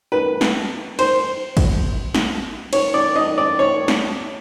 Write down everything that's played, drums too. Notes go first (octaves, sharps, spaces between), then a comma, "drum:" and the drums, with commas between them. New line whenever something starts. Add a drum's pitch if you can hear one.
B4
drum: snare
C5, drum: cymbal
drum: kick, cymbal
drum: snare
C#5, drum: cymbal
D5
D#5
D5
C#5
drum: snare